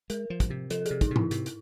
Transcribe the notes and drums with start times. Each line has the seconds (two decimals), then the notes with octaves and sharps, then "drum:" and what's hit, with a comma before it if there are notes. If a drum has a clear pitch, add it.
0.10 G#3 A#4, drum: hi-hat
0.30 F3
0.40 drum: kick, hi-hat
0.50 C3
0.70 F3 A4, drum: hi-hat
0.86 C3 G#4, drum: hi-hat
1.01 D#4, drum: kick, hi-hat
1.11 C3
1.16 E4, drum: tom G#2
1.31 C3, drum: hi-hat
1.46 drum: hi-hat